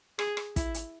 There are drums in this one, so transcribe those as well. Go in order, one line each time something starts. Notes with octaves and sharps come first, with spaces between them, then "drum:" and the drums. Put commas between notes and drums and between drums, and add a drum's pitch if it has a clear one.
G#4, drum: rim click
drum: rim click
E4, drum: kick, hi-hat
drum: hi-hat